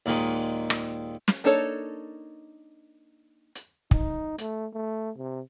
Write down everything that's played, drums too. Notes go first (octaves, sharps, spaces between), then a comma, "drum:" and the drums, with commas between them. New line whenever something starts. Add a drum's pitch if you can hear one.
D#2 A#2 D#3 G#3
drum: rim click
drum: snare
A#3 D4 D#4 A4 C#5
drum: hi-hat
D#4, drum: kick
A3, drum: hi-hat
A3
C3